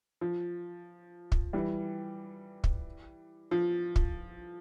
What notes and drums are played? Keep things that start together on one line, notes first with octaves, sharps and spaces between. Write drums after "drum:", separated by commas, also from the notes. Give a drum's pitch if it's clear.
F3
drum: kick
E3 G3
drum: kick
F3
drum: kick